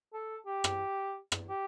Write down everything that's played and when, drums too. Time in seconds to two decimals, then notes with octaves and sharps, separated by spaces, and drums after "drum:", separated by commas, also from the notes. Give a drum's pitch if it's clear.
0.13 A4
0.47 G4
0.64 drum: rim click
1.32 drum: rim click
1.49 G4